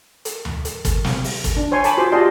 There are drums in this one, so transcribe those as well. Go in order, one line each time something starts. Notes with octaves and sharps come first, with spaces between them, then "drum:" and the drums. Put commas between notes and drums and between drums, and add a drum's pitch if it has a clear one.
drum: hi-hat
drum: tom D2
drum: hi-hat
drum: kick, hi-hat
drum: snare
drum: open hi-hat
drum: kick, hi-hat
D4
C5 C#5 G#5 C6
G#5 A5 B5 D6, drum: hi-hat
F4 F#4 G#4 C5 C6
F4 G4 D5 D#5 A5 C6